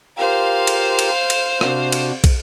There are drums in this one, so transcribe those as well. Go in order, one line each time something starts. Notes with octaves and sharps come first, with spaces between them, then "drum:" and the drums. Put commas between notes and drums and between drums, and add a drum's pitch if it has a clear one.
F4 G4 A#4 C5 F5
drum: cymbal
drum: cymbal
drum: cymbal
C3 D4 F#4, drum: rim click
drum: cymbal
drum: kick, cymbal